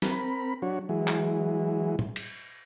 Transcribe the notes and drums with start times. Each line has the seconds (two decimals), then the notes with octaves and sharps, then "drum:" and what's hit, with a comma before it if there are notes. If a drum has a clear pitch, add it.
0.02 C4 A#4 B5, drum: snare
0.62 F#3 D4 F#4 C#5
0.89 E3 F#3 G#3
1.08 drum: clap
1.99 drum: tom
2.16 drum: cymbal